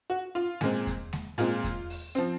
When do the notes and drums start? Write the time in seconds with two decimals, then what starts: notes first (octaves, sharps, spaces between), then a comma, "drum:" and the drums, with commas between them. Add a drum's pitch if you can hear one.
0.10 F#4
0.35 F4
0.61 A#2 G#3 C4, drum: snare G#3
0.87 drum: kick E2, hi-hat
1.13 drum: snare G#3
1.38 A#2 G#3 C4 F4, drum: hi-hat
1.64 drum: kick E2, hi-hat
1.90 drum: open hi-hat
2.15 F3 C4, drum: hi-hat